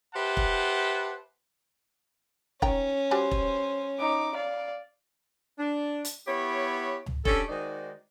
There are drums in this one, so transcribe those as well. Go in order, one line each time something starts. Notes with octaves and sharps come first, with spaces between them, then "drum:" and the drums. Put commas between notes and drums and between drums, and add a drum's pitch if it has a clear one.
G4 B4 C5 E5 F#5 A5
drum: kick E1
D#3 C#4 G5 A#5, drum: kick E1
G3 F#4 C5 G#5
drum: kick E1
D#4 D6
D5 F5
D4
drum: hi-hat
B3 E4 G4 C#5
drum: tom C#2
C#4 D4 G4 A4, drum: kick E1
D#3 G#3 D#4 F#4 C5 D5